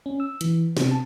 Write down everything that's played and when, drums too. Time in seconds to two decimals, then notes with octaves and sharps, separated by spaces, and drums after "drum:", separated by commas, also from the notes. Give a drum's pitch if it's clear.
0.06 C#4
0.20 E6
0.41 E3, drum: hi-hat
0.77 C3, drum: snare
0.91 A5